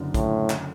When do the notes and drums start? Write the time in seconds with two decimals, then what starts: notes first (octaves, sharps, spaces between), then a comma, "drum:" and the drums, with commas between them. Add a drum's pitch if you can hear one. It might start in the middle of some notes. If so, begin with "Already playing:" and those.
Already playing: F#1 F#2 D3
0.14 A2, drum: kick, hi-hat
0.50 drum: clap